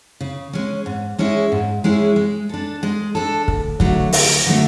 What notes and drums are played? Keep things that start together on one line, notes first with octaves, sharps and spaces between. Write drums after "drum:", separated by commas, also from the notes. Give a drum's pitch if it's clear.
C#3
G#3 C#4
G#2
G#3 C#4 E4 G#4
G#2
G#3 C#4 E4 G#4
G#3
D4 A4
G#3
D4 A4
D2, drum: kick
D3 F#3 A3, drum: kick
D2, drum: open hi-hat
D3 F#3 A3